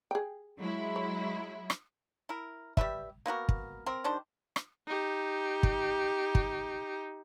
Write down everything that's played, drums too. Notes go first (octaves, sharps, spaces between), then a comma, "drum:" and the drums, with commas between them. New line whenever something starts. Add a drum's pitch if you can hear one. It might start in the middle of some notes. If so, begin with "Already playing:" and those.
G#4 G5
F#3 G#3 E4
C#5
drum: rim click
E4 A#4
G3 G4 B4 E5, drum: kick
A#3 B3 F#4 A#4
drum: kick
C4 A#4
D#3 G3 D4 C5
drum: rim click
D#4 G4
drum: kick
drum: kick